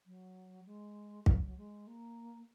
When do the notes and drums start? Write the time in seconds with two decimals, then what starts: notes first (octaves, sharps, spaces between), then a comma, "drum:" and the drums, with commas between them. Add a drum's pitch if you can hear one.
0.06 F#3
0.66 G#3
1.26 F#3, drum: kick
1.45 F#3
1.57 G#3
1.87 A#3